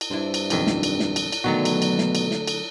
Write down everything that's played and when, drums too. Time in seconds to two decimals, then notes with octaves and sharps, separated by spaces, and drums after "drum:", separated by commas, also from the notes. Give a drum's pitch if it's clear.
0.01 drum: cymbal
0.10 G2 C4 D4 E4
0.34 drum: cymbal
0.50 B1 F2 D#3, drum: cymbal
0.67 drum: snare
0.83 drum: cymbal
1.00 drum: snare
1.16 drum: cymbal
1.32 drum: cymbal
1.44 B2 D3 D#3 F#3 A3 F#4
1.65 drum: cymbal
1.82 drum: cymbal
1.98 drum: snare
2.15 drum: cymbal
2.31 drum: snare
2.47 drum: cymbal